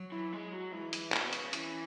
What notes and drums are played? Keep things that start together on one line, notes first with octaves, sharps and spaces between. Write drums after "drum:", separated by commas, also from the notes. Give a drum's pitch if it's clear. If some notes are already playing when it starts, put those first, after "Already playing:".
Already playing: F#3
E3
G#3
F#3
E3 G#3
E3, drum: hi-hat
B2 B3, drum: clap
C#3, drum: hi-hat
E3 C#4, drum: hi-hat